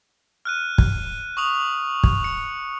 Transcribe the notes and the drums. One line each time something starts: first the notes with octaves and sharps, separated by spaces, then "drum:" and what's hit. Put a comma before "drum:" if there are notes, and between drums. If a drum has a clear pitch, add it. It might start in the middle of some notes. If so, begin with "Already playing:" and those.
F6 F#6 D#7
drum: kick
C#6 D#6 F7
drum: kick
C#7